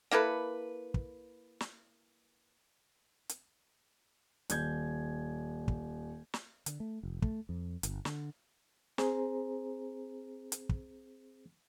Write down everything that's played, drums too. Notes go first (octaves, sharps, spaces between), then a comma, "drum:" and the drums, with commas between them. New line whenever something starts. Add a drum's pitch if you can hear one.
A#3 E4 A4 B4
drum: kick
drum: snare
drum: hi-hat
D#1 G6 G#6, drum: hi-hat
drum: kick
drum: snare
D3, drum: hi-hat
A3
F1
A3, drum: kick
F2
G1, drum: hi-hat
D3, drum: snare
C4 G#4 C5 A#5, drum: snare
drum: hi-hat
drum: kick